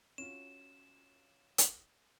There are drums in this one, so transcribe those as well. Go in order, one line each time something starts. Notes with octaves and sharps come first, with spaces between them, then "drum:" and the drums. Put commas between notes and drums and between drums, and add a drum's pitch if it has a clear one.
C#4 F4 F#4 E7
drum: hi-hat